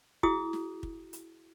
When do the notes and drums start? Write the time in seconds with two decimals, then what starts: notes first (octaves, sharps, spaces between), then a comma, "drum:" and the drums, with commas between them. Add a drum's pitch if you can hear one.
0.23 E4 F#4 G#4 D#6, drum: kick
0.53 drum: snare
0.83 drum: kick
1.13 drum: hi-hat